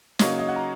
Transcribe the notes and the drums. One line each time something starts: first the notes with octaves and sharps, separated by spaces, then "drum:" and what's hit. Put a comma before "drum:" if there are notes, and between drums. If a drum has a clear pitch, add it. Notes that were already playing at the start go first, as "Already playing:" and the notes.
C#3 F#3 A#3 D#4 C#5, drum: snare
D#5
F#5
A#5